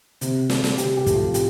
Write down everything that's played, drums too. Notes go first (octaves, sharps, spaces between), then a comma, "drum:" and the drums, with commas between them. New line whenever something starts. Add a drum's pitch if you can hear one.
C3, drum: hi-hat
A3, drum: snare
drum: snare
C3 G4, drum: hi-hat
G4
F3 A3, drum: kick, hi-hat
F4
A2 G4, drum: hi-hat